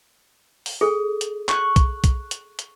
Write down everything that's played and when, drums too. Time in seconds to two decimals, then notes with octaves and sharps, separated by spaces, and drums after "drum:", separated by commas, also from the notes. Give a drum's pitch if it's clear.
0.66 drum: open hi-hat
0.81 G#4 A4
1.21 drum: hi-hat
1.49 C#6 F#6, drum: clap
1.76 drum: kick, hi-hat
2.04 drum: kick, hi-hat
2.31 drum: hi-hat
2.59 drum: hi-hat